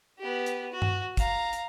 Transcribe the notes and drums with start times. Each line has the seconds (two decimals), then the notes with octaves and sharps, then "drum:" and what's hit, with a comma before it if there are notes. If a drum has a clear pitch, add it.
0.19 B3 G4
0.46 drum: hi-hat
0.72 F#4
0.82 drum: tom G2
1.17 F5 A#5, drum: kick, hi-hat
1.53 drum: hi-hat